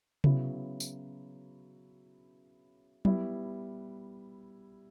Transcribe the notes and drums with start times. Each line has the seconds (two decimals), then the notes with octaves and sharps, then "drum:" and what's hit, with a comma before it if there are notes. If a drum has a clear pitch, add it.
0.24 C#3 F#3 B3 E4, drum: tom C3
0.80 drum: tambourine
3.05 G3 B3 E4, drum: tom F#3